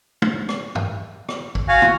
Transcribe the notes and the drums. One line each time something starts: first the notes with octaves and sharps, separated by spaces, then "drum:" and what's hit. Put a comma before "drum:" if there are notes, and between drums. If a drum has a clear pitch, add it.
drum: tom
drum: rim click
drum: tom
drum: rim click
drum: kick
F#4 F5 G#5
drum: tom